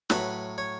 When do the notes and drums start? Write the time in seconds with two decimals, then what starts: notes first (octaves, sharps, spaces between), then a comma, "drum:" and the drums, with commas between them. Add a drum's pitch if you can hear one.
0.10 A2 F#3 B4, drum: snare
0.58 C#5